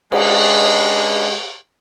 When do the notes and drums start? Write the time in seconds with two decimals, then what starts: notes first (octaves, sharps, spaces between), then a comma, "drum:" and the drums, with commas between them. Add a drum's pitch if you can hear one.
0.12 G#3 C#4 D4 B4, drum: cymbal